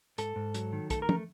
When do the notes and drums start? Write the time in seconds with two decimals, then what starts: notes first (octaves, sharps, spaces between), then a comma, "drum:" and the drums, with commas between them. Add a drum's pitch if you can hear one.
0.18 G#2 A4, drum: hi-hat
0.36 G#2
0.54 F#3, drum: hi-hat
0.73 D#3
0.90 A3 A4, drum: kick, hi-hat
1.02 A#4
1.09 A3, drum: tom